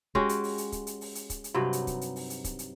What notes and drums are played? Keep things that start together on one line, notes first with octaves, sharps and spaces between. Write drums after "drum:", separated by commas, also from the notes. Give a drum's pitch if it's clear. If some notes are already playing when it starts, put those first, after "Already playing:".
G#3 C#4 F#4 G4, drum: kick
drum: hi-hat
drum: open hi-hat
drum: hi-hat
drum: kick, hi-hat
drum: hi-hat
drum: open hi-hat
drum: hi-hat
drum: kick, hi-hat
drum: hi-hat
G2 C3 F#3 D#4
drum: hi-hat
drum: kick, hi-hat
drum: hi-hat
drum: open hi-hat
drum: hi-hat
drum: kick, hi-hat
drum: hi-hat